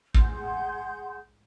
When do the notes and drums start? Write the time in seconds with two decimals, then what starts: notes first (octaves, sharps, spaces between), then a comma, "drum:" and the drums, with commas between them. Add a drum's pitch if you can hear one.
0.15 G#4 F#5 C6 G6, drum: kick